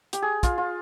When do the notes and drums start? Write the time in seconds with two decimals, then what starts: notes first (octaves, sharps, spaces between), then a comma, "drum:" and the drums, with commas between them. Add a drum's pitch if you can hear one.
0.13 G4, drum: hi-hat
0.22 G#4
0.43 F4, drum: kick, hi-hat
0.58 F4